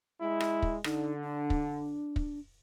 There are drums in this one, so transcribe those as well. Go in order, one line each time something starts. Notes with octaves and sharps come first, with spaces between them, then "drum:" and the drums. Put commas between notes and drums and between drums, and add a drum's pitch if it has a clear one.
G#3 E4
drum: rim click
drum: kick
D3 D#4, drum: rim click
D4
drum: kick
drum: kick